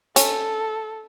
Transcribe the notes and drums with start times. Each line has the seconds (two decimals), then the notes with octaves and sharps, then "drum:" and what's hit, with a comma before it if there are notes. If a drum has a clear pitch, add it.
0.16 C#4 A4, drum: hi-hat